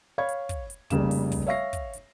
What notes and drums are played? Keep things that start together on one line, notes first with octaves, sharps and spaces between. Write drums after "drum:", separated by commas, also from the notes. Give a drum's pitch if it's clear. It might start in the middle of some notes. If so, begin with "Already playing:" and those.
C#5 F5 B5 C#6 G#6
drum: hi-hat
drum: kick, hi-hat
drum: hi-hat
F1 C#3 G3 A#3 E7, drum: kick, hi-hat
drum: open hi-hat
drum: kick, open hi-hat
C#5 E5 F5 C#6 A#6 C7
drum: kick, hi-hat
drum: hi-hat